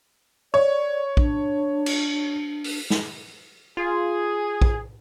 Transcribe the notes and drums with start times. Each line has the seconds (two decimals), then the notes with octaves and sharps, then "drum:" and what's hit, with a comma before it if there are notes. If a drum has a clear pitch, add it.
0.54 C#5 D5
1.17 D4, drum: kick A#1
1.86 drum: cymbal
2.64 drum: open hi-hat
2.90 drum: snare
3.77 F4 G#4
4.62 drum: kick A#1